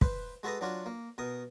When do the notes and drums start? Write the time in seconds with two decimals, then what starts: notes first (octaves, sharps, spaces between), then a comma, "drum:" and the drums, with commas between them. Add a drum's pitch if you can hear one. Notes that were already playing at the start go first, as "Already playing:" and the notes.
0.01 B4 C5, drum: kick
0.43 G#3 F#4 A4 B4 A#5 D#6
0.61 F#3 D4 F4 F#4
0.86 A#3
1.18 B2 A#4 D#6